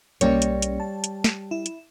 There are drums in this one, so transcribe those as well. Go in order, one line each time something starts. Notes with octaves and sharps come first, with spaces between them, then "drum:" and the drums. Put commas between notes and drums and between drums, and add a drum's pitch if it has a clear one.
B1 G3 A#3 C#4 C#5, drum: hi-hat
drum: hi-hat
drum: hi-hat
A5
drum: hi-hat
drum: snare
E4
drum: hi-hat